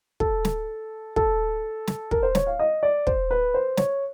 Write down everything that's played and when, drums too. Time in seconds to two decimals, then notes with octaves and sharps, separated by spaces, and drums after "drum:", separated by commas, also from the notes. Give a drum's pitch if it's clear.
0.20 A4, drum: kick
0.45 drum: snare
1.16 A4, drum: kick
1.87 drum: snare
2.11 A#4, drum: kick
2.23 C5
2.35 C#5, drum: snare
2.47 F5
2.59 D#5
2.83 D5
3.07 C5, drum: kick
3.31 B4
3.54 C5
3.77 C#5, drum: snare